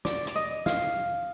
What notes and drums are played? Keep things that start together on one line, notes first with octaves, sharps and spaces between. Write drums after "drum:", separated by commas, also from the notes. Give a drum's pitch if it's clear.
D5, drum: snare
D5, drum: hi-hat
D#5
F5, drum: snare